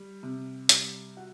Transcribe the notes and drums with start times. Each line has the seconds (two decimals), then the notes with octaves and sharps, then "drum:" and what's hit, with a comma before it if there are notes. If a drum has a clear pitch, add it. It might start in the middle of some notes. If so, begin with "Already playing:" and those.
Already playing: G3
0.23 C3
0.69 G3, drum: hi-hat
1.17 F#4